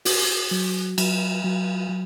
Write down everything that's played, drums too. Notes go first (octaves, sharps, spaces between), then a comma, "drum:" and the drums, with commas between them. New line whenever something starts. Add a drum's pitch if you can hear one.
F#4, drum: open hi-hat
F#3
F#3, drum: cymbal
F#3
F#3